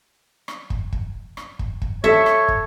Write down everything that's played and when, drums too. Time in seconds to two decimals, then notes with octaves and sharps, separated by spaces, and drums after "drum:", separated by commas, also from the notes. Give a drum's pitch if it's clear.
0.48 drum: rim click
0.70 drum: kick
0.92 drum: kick
1.37 drum: rim click
1.59 drum: kick
1.82 drum: kick
2.04 A4 C#5 E5
2.26 drum: rim click
2.48 drum: kick